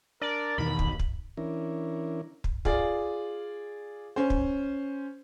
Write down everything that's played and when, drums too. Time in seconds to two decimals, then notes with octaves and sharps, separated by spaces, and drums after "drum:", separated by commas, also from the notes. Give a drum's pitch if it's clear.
0.22 D4 A#4 D5
0.58 E2 B2 D#3 B5
0.79 drum: kick
0.99 drum: kick
1.37 E3 C#4 D4 E4 A#4
2.44 drum: kick
2.65 F4 G#4 D5, drum: kick
4.16 C#4 C5
4.30 drum: kick